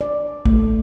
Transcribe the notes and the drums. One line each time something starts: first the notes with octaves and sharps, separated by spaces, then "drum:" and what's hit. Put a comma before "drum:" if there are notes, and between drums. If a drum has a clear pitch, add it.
D5
A3, drum: kick